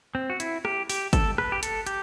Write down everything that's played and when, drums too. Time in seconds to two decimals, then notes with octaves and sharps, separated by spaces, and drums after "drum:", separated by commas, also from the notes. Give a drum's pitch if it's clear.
0.15 C4
0.30 F#4
0.40 E4, drum: hi-hat
0.65 G4, drum: rim click
0.90 G4, drum: open hi-hat
1.13 A4, drum: kick, hi-hat
1.38 B4, drum: rim click
1.52 G4
1.63 A4, drum: hi-hat
1.87 G4, drum: hi-hat